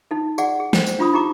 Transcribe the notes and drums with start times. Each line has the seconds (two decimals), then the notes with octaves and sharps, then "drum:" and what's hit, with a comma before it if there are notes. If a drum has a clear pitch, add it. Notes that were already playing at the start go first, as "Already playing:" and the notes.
0.11 D#4 A4
0.38 G#4 D5 F#5, drum: tambourine
0.60 G#4
0.73 C5 G5, drum: snare
0.86 drum: tambourine
0.99 D4 F4 B5 D#6
1.14 D#4 G4 A#5 D6